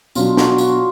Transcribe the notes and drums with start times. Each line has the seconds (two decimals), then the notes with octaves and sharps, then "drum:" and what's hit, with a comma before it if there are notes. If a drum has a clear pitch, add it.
0.15 B2 F#3 D4 F4, drum: tambourine
0.37 F#4, drum: snare
0.58 F4, drum: tambourine